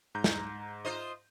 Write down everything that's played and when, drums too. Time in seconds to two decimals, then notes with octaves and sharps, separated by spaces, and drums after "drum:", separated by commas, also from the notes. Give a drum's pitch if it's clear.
0.15 G#2 A#5 G6
0.24 drum: snare
0.85 F4 C5 D#5